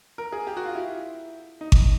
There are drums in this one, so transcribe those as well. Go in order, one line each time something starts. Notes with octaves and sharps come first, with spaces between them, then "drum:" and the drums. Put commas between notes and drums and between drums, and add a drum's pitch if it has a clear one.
A#4
G#4
G4
F#4
F4
E4
D#4
drum: kick G#1